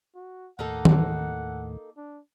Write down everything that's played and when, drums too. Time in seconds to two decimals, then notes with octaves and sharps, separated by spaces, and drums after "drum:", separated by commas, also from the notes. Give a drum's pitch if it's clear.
0.15 F#4
0.59 D#2 A2 A#3 D#4 A4 F#5
0.85 drum: tom D#3
1.97 D4